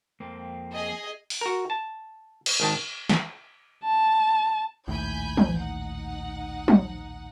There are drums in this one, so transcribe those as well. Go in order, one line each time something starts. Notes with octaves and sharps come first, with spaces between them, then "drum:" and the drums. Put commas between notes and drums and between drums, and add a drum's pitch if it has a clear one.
F2 A#3 C4
G#4 D#5
drum: open hi-hat
F#4 A#4
A5
drum: cymbal
G#1 D#3 A5
drum: snare
A5
A#1 D#2 A2 G#5 B5 G6
drum: tom
D#4 F#5
drum: tom